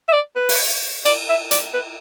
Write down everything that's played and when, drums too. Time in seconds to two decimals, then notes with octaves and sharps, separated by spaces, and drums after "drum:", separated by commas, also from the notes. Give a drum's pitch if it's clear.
0.09 E5
0.13 D5
0.36 B4
0.49 drum: open hi-hat
1.05 D5, drum: cymbal
1.29 E5
1.51 D5, drum: hi-hat
1.74 B4